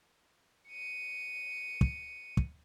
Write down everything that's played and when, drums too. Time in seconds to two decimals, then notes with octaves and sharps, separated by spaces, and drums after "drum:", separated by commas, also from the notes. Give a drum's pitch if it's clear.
0.68 C#7 D#7
1.81 drum: kick
2.37 drum: kick